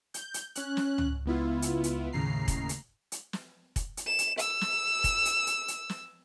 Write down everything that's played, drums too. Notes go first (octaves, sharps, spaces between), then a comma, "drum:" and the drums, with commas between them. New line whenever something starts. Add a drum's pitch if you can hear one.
G6, drum: hi-hat
drum: hi-hat
C#4 F#6, drum: hi-hat
drum: snare
drum: tom C#2
C#2 B3 E4 F4
drum: hi-hat
drum: hi-hat
D#2 A2 C#3 A#5 C7
drum: kick, hi-hat
drum: hi-hat
drum: hi-hat
drum: snare
drum: kick, hi-hat
drum: hi-hat
E7
drum: hi-hat
E6, drum: hi-hat
drum: snare
drum: kick, hi-hat
drum: hi-hat
drum: hi-hat
drum: hi-hat
drum: snare